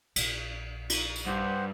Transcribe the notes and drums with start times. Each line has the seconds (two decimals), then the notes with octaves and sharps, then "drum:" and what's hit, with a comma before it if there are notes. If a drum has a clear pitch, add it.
0.16 A#1, drum: cymbal
0.90 drum: cymbal
1.16 drum: tambourine
1.27 G2 C5 F#5